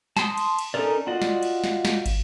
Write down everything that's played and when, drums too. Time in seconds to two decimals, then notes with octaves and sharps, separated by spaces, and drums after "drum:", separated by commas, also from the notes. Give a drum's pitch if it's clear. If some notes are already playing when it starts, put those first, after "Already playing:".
0.17 A5 C6 D#6, drum: snare
0.38 drum: cymbal
0.59 drum: cymbal
0.74 C#4 D#4 A4 A#4 D5
1.07 F4 F#4 D5 D#5
1.22 drum: snare
1.43 drum: cymbal
1.64 drum: snare
1.85 drum: snare
2.06 drum: kick, cymbal